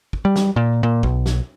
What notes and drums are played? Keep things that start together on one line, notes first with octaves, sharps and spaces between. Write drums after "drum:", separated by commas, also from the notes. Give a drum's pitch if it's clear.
drum: kick
G3
drum: snare
A#2
A#2
B1, drum: kick
drum: snare